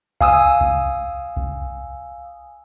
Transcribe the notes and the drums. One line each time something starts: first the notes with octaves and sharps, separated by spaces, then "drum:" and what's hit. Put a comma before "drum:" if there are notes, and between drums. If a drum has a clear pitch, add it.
F5 G#5 D#6 E6, drum: kick C2
drum: kick C2
drum: kick C2